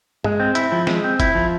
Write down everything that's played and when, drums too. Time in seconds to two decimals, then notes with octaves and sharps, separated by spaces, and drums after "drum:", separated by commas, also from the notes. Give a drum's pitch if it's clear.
0.24 G#3, drum: tom G2
0.40 C4
0.55 E4, drum: hi-hat
0.72 F3
0.87 G#3, drum: snare
1.04 C4
1.20 E4, drum: kick F#1, hi-hat
1.35 F3